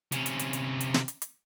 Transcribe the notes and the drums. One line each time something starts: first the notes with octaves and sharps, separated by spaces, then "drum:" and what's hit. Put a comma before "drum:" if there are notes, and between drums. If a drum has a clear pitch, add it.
C3 C#4, drum: hi-hat
drum: hi-hat
drum: hi-hat
drum: hi-hat
drum: hi-hat
drum: snare
drum: hi-hat
drum: hi-hat